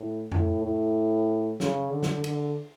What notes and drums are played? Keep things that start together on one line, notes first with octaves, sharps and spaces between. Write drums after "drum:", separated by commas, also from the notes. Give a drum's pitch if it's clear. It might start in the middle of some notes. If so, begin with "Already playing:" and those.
Already playing: A2
A2, drum: tom F2
A2
C#3, drum: snare
D3
drum: snare
D3, drum: cymbal